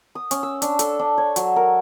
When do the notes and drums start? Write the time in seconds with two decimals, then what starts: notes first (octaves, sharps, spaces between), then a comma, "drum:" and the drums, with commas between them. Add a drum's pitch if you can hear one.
0.15 D#6
0.31 C#4, drum: hi-hat
0.43 E6
0.62 D4, drum: hi-hat
0.79 A4, drum: hi-hat
0.99 D4
1.18 C#5
1.36 F#3, drum: hi-hat
1.56 A#4